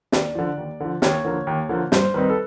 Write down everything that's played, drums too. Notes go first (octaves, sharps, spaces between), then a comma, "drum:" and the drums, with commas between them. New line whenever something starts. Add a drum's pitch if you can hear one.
D#2 D5, drum: snare
D3 F3
D#2
D3 F3
D#2 C#5, drum: snare
D3 F3 A#3
D#2
D3 F3 A#3
G2 C5, drum: snare
D#3 G3 C4 D#4 B4
A4